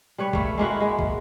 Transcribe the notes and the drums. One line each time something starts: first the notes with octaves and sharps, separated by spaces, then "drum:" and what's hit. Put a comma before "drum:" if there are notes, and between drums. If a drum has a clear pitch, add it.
G3 B4 C#5
A3 A#3, drum: kick
G#3 A#3 E4 F#4
G#3
drum: kick